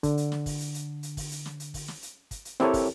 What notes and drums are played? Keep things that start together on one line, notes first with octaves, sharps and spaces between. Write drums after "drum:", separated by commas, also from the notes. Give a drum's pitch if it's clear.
D3, drum: kick, hi-hat
drum: hi-hat
drum: snare
drum: kick, open hi-hat
drum: hi-hat
drum: hi-hat
drum: hi-hat
drum: kick, open hi-hat
drum: hi-hat
drum: snare
drum: hi-hat
drum: kick, open hi-hat
drum: snare
drum: hi-hat
drum: kick, hi-hat
drum: hi-hat
C4 E4 G4 A4 A#4 C#5, drum: snare
drum: kick, open hi-hat